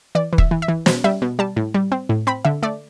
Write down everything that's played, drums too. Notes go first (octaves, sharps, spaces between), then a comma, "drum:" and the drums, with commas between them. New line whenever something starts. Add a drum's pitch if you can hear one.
E3 D5
E3
E5, drum: kick
E3
E5
E3
B2 C5, drum: snare
G3 E5
B2
G3 A5
A2
G3
C4
A2
C4 B5
D3 E5
A3 D5